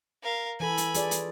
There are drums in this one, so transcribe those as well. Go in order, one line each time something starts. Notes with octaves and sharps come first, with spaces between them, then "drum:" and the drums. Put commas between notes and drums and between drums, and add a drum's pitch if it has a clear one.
A#4 F5
E3 A4 G#5 B5
drum: hi-hat
F4 G#4 D5, drum: hi-hat
drum: hi-hat